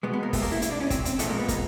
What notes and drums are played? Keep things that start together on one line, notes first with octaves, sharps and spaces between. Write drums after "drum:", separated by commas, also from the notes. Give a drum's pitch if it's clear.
B2 G#3 B3
B3
A#3
A3, drum: kick, open hi-hat
A#3
E4
E4, drum: hi-hat
D4
C#4
C4, drum: kick, hi-hat
C4, drum: hi-hat
A#2 F3 G#3 A3, drum: hi-hat
A#3
B3
A#3, drum: kick, hi-hat